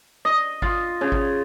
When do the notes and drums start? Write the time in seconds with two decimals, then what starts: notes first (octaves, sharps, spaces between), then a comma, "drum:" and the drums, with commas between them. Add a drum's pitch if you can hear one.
0.25 D#5
0.62 F4, drum: kick G#1
1.01 C#3
1.12 drum: kick G#1